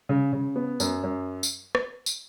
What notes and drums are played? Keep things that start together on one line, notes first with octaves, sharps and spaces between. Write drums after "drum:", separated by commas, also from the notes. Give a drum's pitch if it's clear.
C#3
C#3
B3
F#2, drum: tambourine
F#2
drum: tambourine
drum: rim click
drum: tambourine